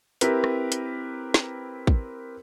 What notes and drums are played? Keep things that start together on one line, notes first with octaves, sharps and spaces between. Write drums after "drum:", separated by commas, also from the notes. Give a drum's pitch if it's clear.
C4 E4 G4 A#4 B4, drum: hi-hat
drum: rim click
drum: hi-hat
drum: snare
drum: kick